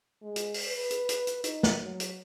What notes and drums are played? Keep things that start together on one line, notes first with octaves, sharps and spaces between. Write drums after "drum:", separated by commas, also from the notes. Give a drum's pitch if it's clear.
G#3
drum: hi-hat
drum: open hi-hat
B4
drum: hi-hat
drum: hi-hat
drum: hi-hat
D#4, drum: hi-hat
drum: snare
F#3
drum: hi-hat